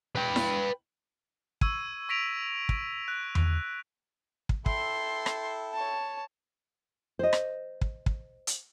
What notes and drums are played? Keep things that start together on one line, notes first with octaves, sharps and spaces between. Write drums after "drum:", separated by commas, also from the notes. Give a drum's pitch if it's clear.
B4 G5
drum: snare E4
C#6 E6 G#6 D#7, drum: kick
C#6 A#6 B6 D7 F7
drum: kick
F#6
drum: tom E2
drum: kick
E4 A4 G5 C6, drum: kick
drum: rim click
C#5 A5
C5 D#5
drum: rim click
drum: kick
drum: kick
drum: hi-hat